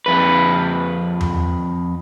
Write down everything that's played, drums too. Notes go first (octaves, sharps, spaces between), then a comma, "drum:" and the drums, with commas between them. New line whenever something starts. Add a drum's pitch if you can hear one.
F2 B4
drum: tom E2